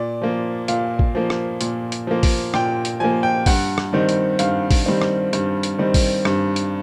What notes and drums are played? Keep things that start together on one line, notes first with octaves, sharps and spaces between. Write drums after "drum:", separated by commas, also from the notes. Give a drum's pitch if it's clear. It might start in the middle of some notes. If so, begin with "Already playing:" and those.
Already playing: A#2 D5
F3 A#3
A#2 F5, drum: hi-hat
drum: kick A1
F3 A#3
drum: rim click
A#2, drum: hi-hat
drum: hi-hat
F3 A#3
drum: kick A1, open hi-hat
A#2 G5, drum: rim click
drum: hi-hat
F3 A#3 G#5
G5
G2 F#5, drum: kick A1, open hi-hat
drum: rim click
D#3 G3 C4
drum: hi-hat
G2 F5, drum: hi-hat
drum: kick A1, open hi-hat
D#3 G3 C4
drum: rim click
G2, drum: hi-hat
drum: hi-hat
D#3 G3 C4
drum: kick A1, open hi-hat
G2, drum: rim click
drum: hi-hat